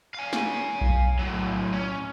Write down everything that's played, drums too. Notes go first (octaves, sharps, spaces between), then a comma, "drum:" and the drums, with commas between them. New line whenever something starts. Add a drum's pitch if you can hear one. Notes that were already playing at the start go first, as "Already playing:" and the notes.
F5 G#5
drum: snare
drum: kick B1
A2 F#3
C#4